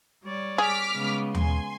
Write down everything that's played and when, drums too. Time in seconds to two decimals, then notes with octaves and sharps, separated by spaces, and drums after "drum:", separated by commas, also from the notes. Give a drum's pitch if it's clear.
0.24 G3 C#5 D5
0.58 G#4 D6 F6 B6
0.93 C#3 G#3 B3
1.35 G#5 C6, drum: tom D#2